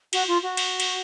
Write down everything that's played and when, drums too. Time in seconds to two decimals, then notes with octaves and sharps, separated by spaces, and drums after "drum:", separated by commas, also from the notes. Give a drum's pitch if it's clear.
0.13 F#4, drum: cymbal
0.27 F4
0.43 F#4
0.57 drum: cymbal
0.80 drum: cymbal